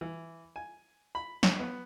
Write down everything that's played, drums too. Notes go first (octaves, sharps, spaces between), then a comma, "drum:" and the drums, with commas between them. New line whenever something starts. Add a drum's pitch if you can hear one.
E3
G#5
B5
D4, drum: snare
B3